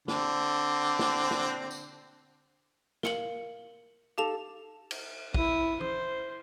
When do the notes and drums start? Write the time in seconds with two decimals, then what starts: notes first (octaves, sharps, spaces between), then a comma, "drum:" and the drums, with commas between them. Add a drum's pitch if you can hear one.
0.08 D3 C4, drum: snare
0.99 drum: snare
1.31 drum: snare
1.71 drum: tambourine
3.03 A#4 F5 C#7 F#7, drum: snare
4.18 D#4 G4 A4 F5 A5 F7
4.91 drum: cymbal
5.34 E4 D#6, drum: kick
5.81 C5, drum: tom